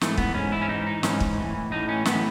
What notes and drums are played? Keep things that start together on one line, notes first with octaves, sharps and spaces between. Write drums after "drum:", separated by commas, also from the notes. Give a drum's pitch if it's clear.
G#2 E3 A3, drum: snare
B3, drum: kick
G#2 E3 C#4
E4
C#4
G#2 E3 D#4
D#4
G#2 E3 C#4, drum: snare
drum: kick
A2 E3
A2 E3 D#4
C#4
A2 E3 B3, drum: snare